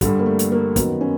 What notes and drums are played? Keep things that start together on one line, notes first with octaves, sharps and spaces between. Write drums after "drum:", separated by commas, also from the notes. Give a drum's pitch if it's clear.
G2 D3 G3, drum: kick, hi-hat
A#3
A3
drum: hi-hat
A#3
F#2 D#3 B3, drum: kick, hi-hat
C#4